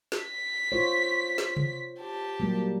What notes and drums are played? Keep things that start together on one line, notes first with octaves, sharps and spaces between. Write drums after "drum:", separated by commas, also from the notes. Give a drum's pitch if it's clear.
drum: snare
B6
F4 C5 C#5
drum: snare
drum: tom C3
G4 A5
F#3 G3 A#3